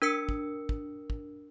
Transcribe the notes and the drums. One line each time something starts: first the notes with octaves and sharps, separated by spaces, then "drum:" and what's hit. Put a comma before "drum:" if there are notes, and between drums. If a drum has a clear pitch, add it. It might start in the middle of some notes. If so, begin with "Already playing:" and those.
D4 A#4 E6 C#7
drum: kick
drum: kick
drum: kick